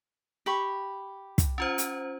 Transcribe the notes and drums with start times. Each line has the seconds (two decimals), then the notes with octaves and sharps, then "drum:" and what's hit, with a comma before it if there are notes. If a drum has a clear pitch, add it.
0.46 G4 B5 C#6
1.38 drum: kick, hi-hat
1.58 C#4 F4 C5
1.78 drum: hi-hat